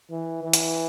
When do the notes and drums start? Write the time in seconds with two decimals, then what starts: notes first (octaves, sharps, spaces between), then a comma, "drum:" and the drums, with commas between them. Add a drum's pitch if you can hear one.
0.10 E3
0.43 E3
0.53 drum: hi-hat